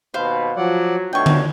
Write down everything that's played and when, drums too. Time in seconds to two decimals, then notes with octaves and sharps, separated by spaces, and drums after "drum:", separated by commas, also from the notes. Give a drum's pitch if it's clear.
0.14 D#2 B2 B4 C5 F5
0.56 F3 F#3 D5 F#5
1.13 B2 D#3 A3 D4 C#5 G5 C#6
1.26 drum: tom D3